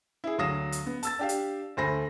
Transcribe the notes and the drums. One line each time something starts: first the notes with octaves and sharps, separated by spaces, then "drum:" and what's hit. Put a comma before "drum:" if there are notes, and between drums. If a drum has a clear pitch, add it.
E4 G#4
D2 F#3 F5 D#6 A#6 E7
drum: hi-hat
B3
A5 E6 A6, drum: hi-hat
D4 G4 F5
drum: hi-hat
D2 A3 C5 G#5 B5 A#6